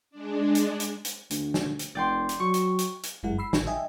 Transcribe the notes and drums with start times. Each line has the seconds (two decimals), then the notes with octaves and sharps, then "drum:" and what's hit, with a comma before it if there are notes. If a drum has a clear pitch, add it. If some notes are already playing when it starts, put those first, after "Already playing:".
0.11 G#3 D4
0.55 drum: hi-hat
0.80 drum: hi-hat
1.05 drum: hi-hat
1.30 D2, drum: hi-hat
1.54 drum: snare
1.79 drum: hi-hat
1.95 F1 D5 G5 C6
2.29 drum: hi-hat
2.40 F#3 C#6
2.54 drum: hi-hat
2.78 drum: hi-hat
3.03 drum: hi-hat
3.23 G1 F#2 G#3 E4 F#5
3.38 B5 E6 C7
3.53 A1, drum: snare
3.67 D#5 E5 G5 G#5